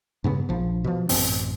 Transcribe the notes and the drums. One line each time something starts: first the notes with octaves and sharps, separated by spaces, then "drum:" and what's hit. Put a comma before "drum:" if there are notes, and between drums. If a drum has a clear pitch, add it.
G2 C#3 B3
A#1 F3
B2 F3
A1 F#2 B2 C4, drum: open hi-hat